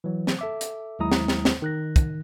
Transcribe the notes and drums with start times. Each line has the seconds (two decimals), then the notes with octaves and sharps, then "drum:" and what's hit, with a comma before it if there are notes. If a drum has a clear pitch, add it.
0.04 E3 F#3
0.27 drum: snare
0.39 A4 E5 D6
0.61 drum: hi-hat
0.99 D#2 F#3 G#3 E4 A#5 D#6
1.12 drum: snare
1.28 drum: snare
1.45 drum: snare
1.62 D#3 F#6 A#6
1.96 drum: kick, hi-hat